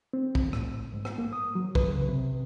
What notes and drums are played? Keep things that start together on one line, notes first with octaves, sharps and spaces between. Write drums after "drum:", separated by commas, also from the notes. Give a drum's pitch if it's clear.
C4
drum: kick
A2, drum: rim click
G#2
drum: rim click
A#3
D#6
F#3
B4, drum: kick
C#3
C3